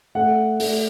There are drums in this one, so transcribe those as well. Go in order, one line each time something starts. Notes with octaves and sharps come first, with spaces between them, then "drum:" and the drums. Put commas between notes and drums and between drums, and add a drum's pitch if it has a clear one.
A3 F#5
A3, drum: open hi-hat